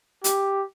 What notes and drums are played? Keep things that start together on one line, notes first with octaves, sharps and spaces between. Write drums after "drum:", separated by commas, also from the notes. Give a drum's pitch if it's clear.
G4, drum: hi-hat